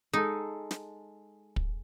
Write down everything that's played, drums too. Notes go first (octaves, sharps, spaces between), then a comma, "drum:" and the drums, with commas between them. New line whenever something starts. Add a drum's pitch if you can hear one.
G#3 D#4 A4
drum: snare
drum: kick